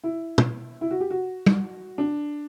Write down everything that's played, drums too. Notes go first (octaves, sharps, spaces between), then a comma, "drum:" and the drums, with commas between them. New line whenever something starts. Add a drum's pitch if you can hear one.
E4
drum: tom
E4
F#4
G4
F#4
drum: tom
D4